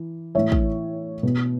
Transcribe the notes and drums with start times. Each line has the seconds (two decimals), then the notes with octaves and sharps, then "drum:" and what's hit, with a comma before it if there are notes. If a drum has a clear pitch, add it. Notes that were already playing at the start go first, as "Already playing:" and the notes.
Already playing: E3
0.35 A2 E3 C#5 E5
0.52 drum: kick
1.23 B2